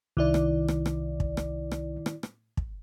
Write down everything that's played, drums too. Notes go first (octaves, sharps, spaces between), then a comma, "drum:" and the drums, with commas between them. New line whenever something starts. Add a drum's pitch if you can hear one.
C2 D#3 E4 D5
drum: rim click
drum: rim click
drum: rim click
drum: kick
drum: rim click
drum: rim click
drum: rim click
drum: rim click
drum: kick